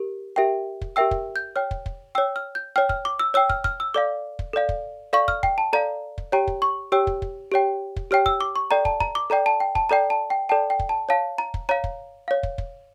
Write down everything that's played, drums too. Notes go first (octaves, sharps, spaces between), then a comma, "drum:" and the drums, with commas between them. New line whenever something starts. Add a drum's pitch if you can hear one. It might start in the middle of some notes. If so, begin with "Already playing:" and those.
Already playing: G4 A#4
G4 A#4 E5 G5
drum: kick
G4 A#4 E5 G5 E6
drum: kick
G6
C#5 G5 F6
drum: kick
drum: kick
C#5 G5 E6
F6
G6
C#5 G5 F6
F6, drum: kick
D6
E6
C#5 G5 E6
F6, drum: kick
F6, drum: kick
E6
A4 D5 F5 D6
drum: kick
A4 D5 F5
drum: kick
A4 D5 F5 C#6
F6, drum: kick
G5, drum: kick
A5
A4 D5 F5 A#5
drum: kick
G4 C#5 G5 A#5
drum: kick
C#6
G4 C#5 G5 E6
drum: kick
drum: kick
G4 C#5 G5
drum: kick
G4 C#5 G5 F6
E6, drum: kick
D6
C#6
A4 D5 G5 A#5
A5, drum: kick
A#5, drum: kick
D6
A4 D5 G5 A#5
A5
G5
A5, drum: kick
A4 D5 G5 A#5
A5
G5
A4 D5 G5 A5
G5
drum: kick
A5
C#5 F5 A5
A#5
drum: kick
C#5 F5 A#5
drum: kick
C#5 F5
drum: kick
drum: kick